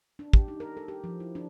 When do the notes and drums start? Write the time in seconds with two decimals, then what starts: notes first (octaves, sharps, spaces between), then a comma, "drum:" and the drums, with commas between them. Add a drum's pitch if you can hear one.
0.19 D4
0.33 G4, drum: kick
0.48 D#4
0.60 A#4
0.77 A4
0.88 G4
1.04 F3
1.20 E4
1.35 D4